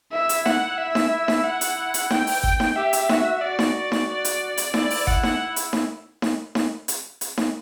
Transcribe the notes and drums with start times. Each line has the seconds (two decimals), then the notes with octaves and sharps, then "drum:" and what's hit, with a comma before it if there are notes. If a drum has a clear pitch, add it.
0.12 E4 E5
0.29 drum: hi-hat
0.46 F#5, drum: snare D#4
0.79 E5
0.95 drum: snare D#4
1.28 drum: snare D#4
1.44 F#5
1.61 drum: hi-hat
1.94 drum: hi-hat
2.10 G5, drum: snare D#4
2.27 drum: open hi-hat
2.43 drum: kick G1
2.60 drum: snare D#4
2.76 G4 E5
2.93 drum: hi-hat
3.09 F#4, drum: snare D#4
3.42 F#4 D5
3.59 drum: snare D#4
3.76 D5
3.92 drum: snare D#4
4.09 D5
4.25 drum: hi-hat
4.57 drum: hi-hat
4.74 E4 D5, drum: snare D#4
4.90 drum: open hi-hat
5.07 F#5, drum: kick G1
5.23 drum: snare D#4
5.56 drum: hi-hat
5.73 drum: snare D#4
6.22 drum: snare D#4
6.55 drum: snare D#4
6.88 drum: hi-hat
7.21 drum: hi-hat
7.38 drum: snare D#4